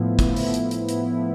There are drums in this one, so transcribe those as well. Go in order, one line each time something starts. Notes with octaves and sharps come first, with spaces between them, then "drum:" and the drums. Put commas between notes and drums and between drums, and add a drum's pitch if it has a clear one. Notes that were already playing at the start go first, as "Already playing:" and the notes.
Already playing: A2 F3 B3 E4
A2 F3 B3 E4, drum: kick, hi-hat
drum: open hi-hat
drum: hi-hat
drum: hi-hat
A2 F3 B3 E4, drum: hi-hat